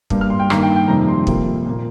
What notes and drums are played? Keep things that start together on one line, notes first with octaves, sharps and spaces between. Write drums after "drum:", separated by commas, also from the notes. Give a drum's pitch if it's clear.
G2 G3 A#3, drum: kick
F6
C6
G5
G2 D#3 A#3 A#5, drum: rim click
G5
G5
F2 C3 D#3 G3 A#3 A#5
C6
F2 C3 F3 A#3, drum: kick
A#2 A#3